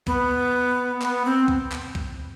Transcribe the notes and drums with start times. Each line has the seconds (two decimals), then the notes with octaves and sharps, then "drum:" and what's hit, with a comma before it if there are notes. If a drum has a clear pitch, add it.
0.07 B3, drum: kick C2
1.02 B3, drum: clap
1.25 C4
1.48 drum: kick C2
1.72 drum: clap
1.95 drum: kick C2